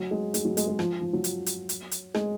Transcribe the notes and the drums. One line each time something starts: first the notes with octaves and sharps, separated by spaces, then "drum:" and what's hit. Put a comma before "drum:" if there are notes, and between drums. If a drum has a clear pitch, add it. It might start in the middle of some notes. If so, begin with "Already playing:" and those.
Already playing: F#3
G#3
G#3, drum: hi-hat
F#3
G#3, drum: hi-hat
G#3
F3, drum: rim click
F3
F#3
drum: hi-hat
drum: hi-hat
drum: hi-hat
drum: hi-hat
G#3, drum: rim click